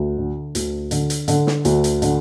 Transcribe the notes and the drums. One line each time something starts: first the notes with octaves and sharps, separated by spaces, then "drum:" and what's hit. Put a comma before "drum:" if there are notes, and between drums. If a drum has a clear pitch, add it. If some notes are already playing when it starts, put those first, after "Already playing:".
Already playing: D2
D3
D2, drum: hi-hat
D3, drum: hi-hat
drum: hi-hat
D3, drum: hi-hat
drum: snare
D2, drum: hi-hat
drum: hi-hat
D3, drum: hi-hat